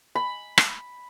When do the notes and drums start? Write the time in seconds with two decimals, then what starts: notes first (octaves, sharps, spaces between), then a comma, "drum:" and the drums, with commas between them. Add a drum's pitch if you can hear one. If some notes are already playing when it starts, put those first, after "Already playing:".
0.15 B5
0.58 drum: rim click